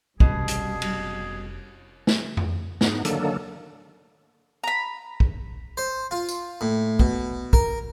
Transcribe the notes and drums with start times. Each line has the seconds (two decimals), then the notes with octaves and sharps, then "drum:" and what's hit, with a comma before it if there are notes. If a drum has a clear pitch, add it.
0.20 F1 B2 G3 C#4 G#4, drum: kick
0.48 drum: hi-hat
0.82 drum: cymbal
2.07 drum: snare
2.37 drum: tom F2
2.81 G#2 B3 D#4, drum: snare
3.05 D3 D#3 F#3 A#3 D4 A4, drum: hi-hat
4.64 A#5 B5
5.20 drum: kick
5.77 C5
6.11 F4
6.29 drum: tambourine
6.61 A2
6.99 B2, drum: kick
7.53 A#4, drum: kick